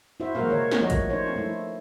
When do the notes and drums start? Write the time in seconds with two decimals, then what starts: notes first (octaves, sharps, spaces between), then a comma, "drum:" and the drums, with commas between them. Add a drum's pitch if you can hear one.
0.20 E4 F#4 C5 E5
0.35 G#3 A#3 F#4 A#4 C5 F5, drum: tom
0.50 A#4 C#5
0.72 drum: snare
0.81 F3 A3 F#4 A#4 C#5 D#5
0.90 drum: kick, hi-hat
1.09 D4 D#4 C5 C#5
1.26 drum: tom
1.36 A3 E4